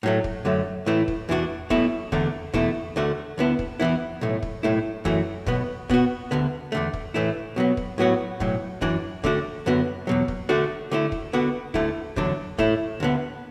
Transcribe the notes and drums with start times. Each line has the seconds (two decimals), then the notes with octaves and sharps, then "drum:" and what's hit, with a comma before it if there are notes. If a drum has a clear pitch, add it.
0.03 A2 F#3 A3
0.24 drum: kick
0.45 F#2 D3 F#3 A3
0.86 A2 E3 A3 E4
1.08 drum: kick
1.29 E2 E3 D4 F#4
1.70 B1 B2 A3 E4, drum: kick
2.12 E2 D3 A3 D4, drum: kick
2.54 E2 B2 A3 E4, drum: kick
2.96 D2 D3 A3 F#4
3.38 D2 D3 B3 E4
3.59 drum: kick
3.80 E2 E3 B3 E4
4.21 B1 A2 A3
4.43 drum: kick
4.63 B1 A2 A3 E4
5.05 F#2 E3 A3 F#4, drum: kick
5.46 B1 B2 B3, drum: kick
5.90 B2 B3 F#4, drum: kick
6.31 D2 D3 B3
6.72 E2 D3 A3
6.94 drum: kick
7.14 A2 E3 A3 E4
7.56 B2 F#3 B3
7.77 drum: kick
7.98 A2 F#3 B3 F#4
8.40 B1 A2 F#3, drum: kick
8.81 F#2 E3 D4 F#4, drum: kick
9.24 D3 A3 D4 F#4, drum: kick
9.66 F#2 D3 B3 F#4
10.07 E2 B2 F#3
10.28 drum: kick
10.49 D3 A3 D4 F#4
10.91 D3 A3 E4
11.12 drum: kick
11.33 D3 B3 F#4
11.74 D2 D3 A3 E4, drum: kick
12.16 E2 D3 F#3 D4, drum: kick
12.58 A2 A3 E4, drum: kick
13.00 D2 D3 B3